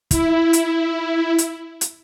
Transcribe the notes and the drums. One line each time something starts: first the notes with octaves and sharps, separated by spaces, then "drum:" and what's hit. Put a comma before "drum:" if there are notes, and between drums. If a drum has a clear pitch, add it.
E4, drum: kick, hi-hat
drum: hi-hat
drum: hi-hat
drum: hi-hat